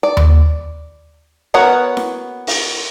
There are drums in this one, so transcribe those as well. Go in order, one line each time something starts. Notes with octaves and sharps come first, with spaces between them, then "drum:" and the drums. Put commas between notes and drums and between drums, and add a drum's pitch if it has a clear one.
D5
drum: tom D#2
B3 F#4 A#4 C#5 F#5
drum: snare E4
drum: open hi-hat